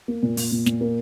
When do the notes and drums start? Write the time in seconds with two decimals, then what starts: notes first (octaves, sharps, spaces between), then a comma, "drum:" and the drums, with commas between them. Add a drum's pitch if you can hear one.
0.08 A#3
0.23 A#2
0.37 A#2, drum: open hi-hat
0.52 A#2
0.66 A#2, drum: snare
0.81 A#3